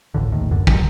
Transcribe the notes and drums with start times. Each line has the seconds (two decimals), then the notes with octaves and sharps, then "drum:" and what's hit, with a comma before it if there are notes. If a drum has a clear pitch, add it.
0.14 G1 C#2 A2 D3
0.32 A#1 D#2 A2
0.50 D#1 B1 F#2 D3
0.67 D1 F#3, drum: kick